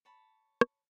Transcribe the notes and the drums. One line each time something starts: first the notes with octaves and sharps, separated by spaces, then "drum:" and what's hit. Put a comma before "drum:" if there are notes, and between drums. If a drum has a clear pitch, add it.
C#5 A5 B5
drum: rim click